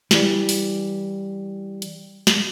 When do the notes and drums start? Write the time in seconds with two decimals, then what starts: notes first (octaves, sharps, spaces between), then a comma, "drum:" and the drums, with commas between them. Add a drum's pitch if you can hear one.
0.11 E3 G3, drum: snare
0.49 drum: open hi-hat
1.82 drum: hi-hat
2.27 drum: snare